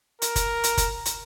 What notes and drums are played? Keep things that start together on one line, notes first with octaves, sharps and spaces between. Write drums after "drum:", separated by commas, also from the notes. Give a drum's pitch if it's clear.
A#4, drum: hi-hat
drum: kick, hi-hat
drum: hi-hat
drum: kick, hi-hat
drum: hi-hat